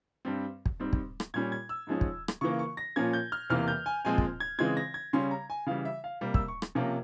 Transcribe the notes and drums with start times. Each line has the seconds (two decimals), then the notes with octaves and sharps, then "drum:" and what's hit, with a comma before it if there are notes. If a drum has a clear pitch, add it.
0.25 G2 G3 C4
0.66 drum: kick
0.80 G#2 G3 C4
0.93 drum: kick
1.20 drum: rim click
1.34 A#2 G3 C#4 G#6
1.52 G#6
1.69 E6
1.87 G#2 F3 G#3 C#4
2.01 drum: kick
2.28 drum: rim click
2.41 C#3 E3 A#3 C#6
2.59 C#6
2.77 A#6
2.96 A#2 F3 A#3 C#4 G#6
3.13 G6
3.32 F6
3.50 E2 C3 E3 A#3 F6
3.68 G6
3.86 G#5
4.05 A#2 F3 G#3 C4 G#5
4.18 drum: kick
4.40 G#6
4.58 C#3 E3 G#3 C4 G#6
4.77 A#6
4.94 G#6
5.13 C#3 G3 C#4 C6
5.31 A#5
5.50 G#5
5.66 C#3 E3 G3 F5
5.85 E5
6.04 F5
6.21 C3 G3 A#3
6.34 E6, drum: kick
6.48 C#6
6.62 drum: rim click
6.75 C3 F3 A#3 C#4